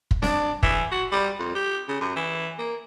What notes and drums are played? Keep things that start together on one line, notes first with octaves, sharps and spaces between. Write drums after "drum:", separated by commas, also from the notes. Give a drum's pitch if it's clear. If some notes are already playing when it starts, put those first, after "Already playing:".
drum: kick
D4, drum: snare C4
E3, drum: kick
F#4
G3
F2
G4
C#3
F#2
E3
A#3